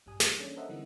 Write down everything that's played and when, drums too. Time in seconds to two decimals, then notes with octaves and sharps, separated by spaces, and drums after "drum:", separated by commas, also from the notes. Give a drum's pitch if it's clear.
0.06 A#1 G2 G3 G#5 D#6
0.20 E3 G3, drum: snare
0.39 A#3 C#4 D4 G#4 A4
0.56 A4 A#4 C5 D#5 E5 F#5
0.69 D3 E3 G3 C4 D#4